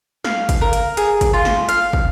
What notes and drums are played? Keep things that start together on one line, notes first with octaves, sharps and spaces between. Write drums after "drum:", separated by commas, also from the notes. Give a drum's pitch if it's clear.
F5, drum: snare
drum: kick, hi-hat
A#4
drum: hi-hat
G#4, drum: hi-hat
drum: kick, hi-hat
F4
drum: snare
F5, drum: hi-hat
drum: kick